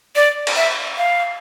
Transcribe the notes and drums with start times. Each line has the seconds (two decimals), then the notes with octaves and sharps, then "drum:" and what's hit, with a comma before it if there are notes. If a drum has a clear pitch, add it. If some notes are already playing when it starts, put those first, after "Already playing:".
0.16 D5
0.47 drum: cymbal
0.56 E5
0.98 F5